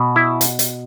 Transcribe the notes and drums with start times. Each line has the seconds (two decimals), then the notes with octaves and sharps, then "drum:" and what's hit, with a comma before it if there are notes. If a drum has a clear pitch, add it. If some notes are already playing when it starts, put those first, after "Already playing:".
Already playing: B2
0.16 E4
0.41 drum: hi-hat
0.59 drum: hi-hat